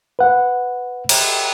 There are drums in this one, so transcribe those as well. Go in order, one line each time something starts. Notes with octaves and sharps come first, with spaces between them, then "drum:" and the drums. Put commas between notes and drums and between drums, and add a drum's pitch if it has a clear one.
B4 F#5
drum: cymbal